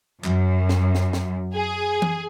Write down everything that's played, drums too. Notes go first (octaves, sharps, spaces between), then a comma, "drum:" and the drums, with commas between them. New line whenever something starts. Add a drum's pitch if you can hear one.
F#2, drum: clap
drum: snare
drum: snare
drum: snare
G#4
drum: tom E3